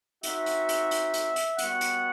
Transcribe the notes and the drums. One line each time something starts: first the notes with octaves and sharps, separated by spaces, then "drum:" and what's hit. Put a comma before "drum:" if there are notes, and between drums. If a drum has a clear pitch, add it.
C4 D#4 F#4 E5, drum: hi-hat
drum: hi-hat
drum: hi-hat
drum: hi-hat
drum: hi-hat
drum: hi-hat
G3 B3 F#4 F#5, drum: hi-hat
drum: hi-hat